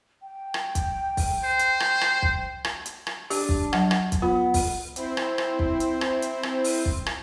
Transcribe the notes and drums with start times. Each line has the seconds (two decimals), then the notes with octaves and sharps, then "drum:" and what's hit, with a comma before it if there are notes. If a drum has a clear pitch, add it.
0.22 G5
0.54 drum: rim click
0.75 drum: kick, hi-hat
1.17 drum: kick, open hi-hat
1.44 C5
1.59 drum: hi-hat
1.80 drum: rim click
2.01 drum: rim click
2.22 drum: kick
2.65 drum: rim click
2.86 drum: hi-hat
3.07 drum: rim click
3.30 D4 G4, drum: open hi-hat
3.49 drum: kick
3.73 F#3 F#5, drum: rim click
3.91 drum: rim click
4.12 drum: kick, hi-hat
4.22 B3 F4
4.54 drum: kick, open hi-hat
4.96 C4 E4 C5, drum: hi-hat
5.17 drum: rim click
5.38 drum: rim click
5.59 drum: kick
5.80 drum: hi-hat
6.01 drum: rim click
6.22 drum: hi-hat
6.43 drum: rim click
6.64 drum: open hi-hat
6.85 drum: kick
7.06 drum: rim click